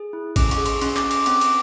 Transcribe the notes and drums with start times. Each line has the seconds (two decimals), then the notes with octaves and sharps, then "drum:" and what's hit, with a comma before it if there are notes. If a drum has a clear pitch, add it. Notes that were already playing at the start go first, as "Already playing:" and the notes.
Already playing: G#4
0.13 E4
0.36 C#4 D6, drum: kick, cymbal
0.51 C#6, drum: cymbal
0.58 G#4
0.66 C6, drum: cymbal
0.81 C#4 C6, drum: cymbal
0.97 D6, drum: clap
1.04 C#4
1.11 D6, drum: cymbal
1.26 C4 D6, drum: cymbal
1.41 drum: cymbal